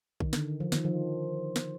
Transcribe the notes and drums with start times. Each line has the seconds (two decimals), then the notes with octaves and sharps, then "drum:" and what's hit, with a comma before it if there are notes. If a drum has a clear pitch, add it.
0.20 D#3, drum: kick A#1
0.33 D3, drum: snare
0.60 F3
0.72 D#3, drum: snare
0.85 F3
1.56 drum: snare